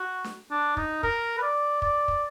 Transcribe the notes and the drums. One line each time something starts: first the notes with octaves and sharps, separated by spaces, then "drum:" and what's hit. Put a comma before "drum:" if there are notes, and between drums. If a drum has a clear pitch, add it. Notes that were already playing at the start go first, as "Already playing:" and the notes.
Already playing: F#4
drum: snare D4
D4
D#4, drum: kick
A#4, drum: kick
B4
D5
D5, drum: kick
drum: kick